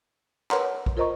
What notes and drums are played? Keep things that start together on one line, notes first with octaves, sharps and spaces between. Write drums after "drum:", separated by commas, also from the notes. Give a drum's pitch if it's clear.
A#4 B4 C#5 F#5 A#5 C6, drum: clap
drum: kick A#1
F4 A#4 C5 D#5 A#5 C#6